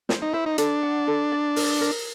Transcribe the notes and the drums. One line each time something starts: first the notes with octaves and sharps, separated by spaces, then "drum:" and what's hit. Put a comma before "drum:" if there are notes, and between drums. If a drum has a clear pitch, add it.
C5, drum: snare
D#4
E4 C5
D#4
D4 A4, drum: hi-hat
F#5
A4
D5
A#4, drum: open hi-hat
A#4